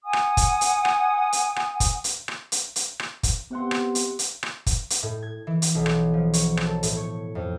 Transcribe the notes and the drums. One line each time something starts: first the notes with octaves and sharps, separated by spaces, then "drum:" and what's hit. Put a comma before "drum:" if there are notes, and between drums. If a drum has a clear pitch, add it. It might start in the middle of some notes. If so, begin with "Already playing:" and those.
F#5 G#5 D#6
drum: rim click
drum: kick, hi-hat
drum: hi-hat
drum: rim click
drum: hi-hat
drum: rim click
drum: kick, hi-hat
drum: hi-hat
drum: rim click
drum: hi-hat
drum: hi-hat
drum: rim click
drum: kick, hi-hat
C3 B3 F#5 C6
drum: rim click
drum: hi-hat
drum: hi-hat
drum: rim click
drum: kick, hi-hat
drum: hi-hat
A2
G#6
E3
drum: hi-hat
B1
drum: rim click
F3
C#5, drum: hi-hat
drum: rim click
A4
A2, drum: hi-hat
C#5
F2